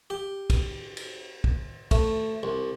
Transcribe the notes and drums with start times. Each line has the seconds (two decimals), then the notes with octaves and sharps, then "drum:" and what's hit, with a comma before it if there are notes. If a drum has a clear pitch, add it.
0.10 G4
0.50 drum: kick, cymbal
0.97 drum: cymbal
1.44 drum: kick
1.91 A3, drum: kick, cymbal
2.43 C2